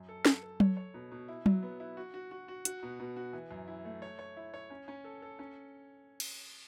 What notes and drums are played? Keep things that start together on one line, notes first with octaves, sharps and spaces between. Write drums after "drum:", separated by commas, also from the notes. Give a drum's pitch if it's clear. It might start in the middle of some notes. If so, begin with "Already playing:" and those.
Already playing: F#2
A4
A4, drum: snare
A4
C#5, drum: tom F#3
C#5
B2
B2
E4
F#3, drum: tom F#3
B3
E4
F#4
F#4
F#4
F#4
F#4, drum: hi-hat
B2
B2
F#4
E3
F#2
E4
A3
C#5
C#5
E4
C#5
C#4
C#4
A4
A4
C#4
drum: cymbal